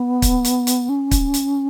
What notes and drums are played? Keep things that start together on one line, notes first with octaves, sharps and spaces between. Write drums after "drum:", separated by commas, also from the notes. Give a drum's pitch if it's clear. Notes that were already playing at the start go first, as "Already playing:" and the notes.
Already playing: B3
drum: kick, hi-hat
drum: hi-hat
drum: hi-hat
C#4
drum: kick, hi-hat
drum: hi-hat